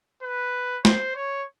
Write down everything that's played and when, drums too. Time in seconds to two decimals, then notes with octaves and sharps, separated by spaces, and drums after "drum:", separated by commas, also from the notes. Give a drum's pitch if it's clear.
0.23 B4
0.85 C5, drum: snare
1.15 C#5